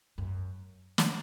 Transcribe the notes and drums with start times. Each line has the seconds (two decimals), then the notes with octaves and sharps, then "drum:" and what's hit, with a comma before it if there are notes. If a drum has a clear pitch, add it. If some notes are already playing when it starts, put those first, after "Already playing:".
0.18 F#2
0.98 drum: snare